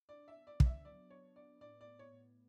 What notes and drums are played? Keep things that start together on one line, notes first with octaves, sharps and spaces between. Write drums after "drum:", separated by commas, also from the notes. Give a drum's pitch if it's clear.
D4 D5
E5
B3
D5
B3, drum: kick
E5
F#3 D5
D4 C#5
B3 D5
A2 D5
D5
B3
C#5
A2